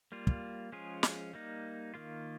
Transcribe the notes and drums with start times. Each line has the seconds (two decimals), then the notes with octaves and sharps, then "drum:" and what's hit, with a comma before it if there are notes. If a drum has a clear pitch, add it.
0.12 G3 A#3 F4
0.27 drum: kick
0.72 F3 G#3 C#4 F4 G#4
1.03 drum: snare
1.33 G3 A#3 D#4
1.94 D#3 A#3 F4